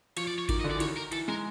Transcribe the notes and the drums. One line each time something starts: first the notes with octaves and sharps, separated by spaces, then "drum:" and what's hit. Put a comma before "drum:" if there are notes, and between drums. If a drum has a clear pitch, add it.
F3 C#5, drum: cymbal
D5
C#5
D#3 D5, drum: kick G#1, cymbal
D#5
D3
D5
E3
D#3 C#5, drum: cymbal
A#4
E3 A4, drum: cymbal
G#3 A#4